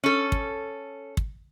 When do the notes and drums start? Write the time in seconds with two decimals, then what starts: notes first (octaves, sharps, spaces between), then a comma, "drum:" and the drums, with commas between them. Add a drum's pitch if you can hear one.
0.04 C#4 A4
0.32 drum: kick
1.17 drum: kick